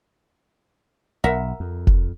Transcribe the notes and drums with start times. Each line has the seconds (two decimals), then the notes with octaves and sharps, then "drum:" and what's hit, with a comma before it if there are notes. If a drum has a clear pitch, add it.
1.24 B1 A#4 E5 F#5
1.60 F2
1.87 drum: kick F1